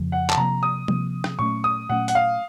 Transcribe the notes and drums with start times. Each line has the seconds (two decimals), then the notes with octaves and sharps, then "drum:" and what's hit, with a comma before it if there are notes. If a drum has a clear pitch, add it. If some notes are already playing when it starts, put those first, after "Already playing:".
Already playing: F2 C#3 F3
0.12 F#5
0.30 A5, drum: clap
0.37 C3 F3 A#3 A#5
0.63 D#6
0.88 C3 F3 A#3, drum: tom G3
1.24 drum: rim click
1.39 A#2 F#3 A3 C#4 C#6
1.64 D#6
1.89 A#2 F#3 A3 C#4 F#5
2.08 F#5, drum: hi-hat
2.15 F5